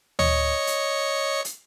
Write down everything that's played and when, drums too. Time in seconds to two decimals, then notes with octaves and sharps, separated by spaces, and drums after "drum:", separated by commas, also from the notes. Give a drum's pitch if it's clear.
0.19 C#5 D#5 C#7, drum: tom D2
0.67 drum: hi-hat
1.45 drum: hi-hat